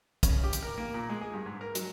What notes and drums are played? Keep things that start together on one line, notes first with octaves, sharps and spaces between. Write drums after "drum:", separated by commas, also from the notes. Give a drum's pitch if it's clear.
C#3, drum: kick, hi-hat
G4
drum: hi-hat
A#4
A#3
A#2
G#3
G#4
G2
G#2
A#4
F#3, drum: hi-hat